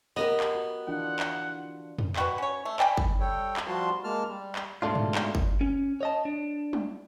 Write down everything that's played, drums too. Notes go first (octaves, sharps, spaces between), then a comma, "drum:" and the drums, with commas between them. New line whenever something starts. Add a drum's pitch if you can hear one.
B3 G4 A#4 D#5
drum: clap
F#4
E3 D4 F4 F#5
drum: clap
drum: tom
G3 F#4 B4, drum: clap
C#4 C#5
A3
D5 G5 G#5 B5, drum: clap
drum: kick G1
G3 A4 C#5 G5
drum: clap
F3 G3 F4 F#4 A5 C6
G#3 A#3 A5 F6
G3
drum: clap
G#2 B2 A3 D4 F4
drum: tom
drum: clap
drum: kick G1
C#4
C#5 D#5 A5
D4
drum: tom